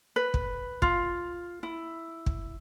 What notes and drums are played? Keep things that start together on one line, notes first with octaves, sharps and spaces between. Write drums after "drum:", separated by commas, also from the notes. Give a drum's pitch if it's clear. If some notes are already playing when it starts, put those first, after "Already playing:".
B4
drum: kick
F4, drum: kick
E4
drum: kick